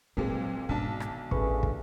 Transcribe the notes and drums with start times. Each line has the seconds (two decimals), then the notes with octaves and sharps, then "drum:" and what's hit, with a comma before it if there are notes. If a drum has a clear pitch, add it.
0.17 F2 A#2 F#3 G#3 A#4 B4
0.69 B1 G#2 D#3 D4 A5
1.00 drum: rim click
1.31 A1 G2 A3 C#4 G#4 B4 C#6, drum: kick
1.63 drum: kick